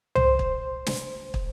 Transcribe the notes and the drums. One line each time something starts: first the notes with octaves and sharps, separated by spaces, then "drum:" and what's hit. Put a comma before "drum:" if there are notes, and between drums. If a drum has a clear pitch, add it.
C5, drum: tom C2
drum: kick
drum: snare
drum: kick